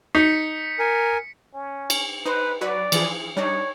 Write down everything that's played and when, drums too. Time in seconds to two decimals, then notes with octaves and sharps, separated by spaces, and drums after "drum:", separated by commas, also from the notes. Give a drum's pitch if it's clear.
0.15 D#4 B6 C#7
0.79 A#4 G#5
1.54 C#4
1.90 drum: cymbal
2.26 D#4 B4 C5
2.61 F#3 F#4 B4 D5
2.92 E3 F3 G#4, drum: cymbal
3.37 G3 D4 D#4 C#5